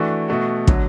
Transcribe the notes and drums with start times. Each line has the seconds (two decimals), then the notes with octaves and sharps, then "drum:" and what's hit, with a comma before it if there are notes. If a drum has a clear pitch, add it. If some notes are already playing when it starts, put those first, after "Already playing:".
Already playing: E3 A3 D4 F#4
0.28 B2 A3 F#4
0.67 D3 F#3, drum: kick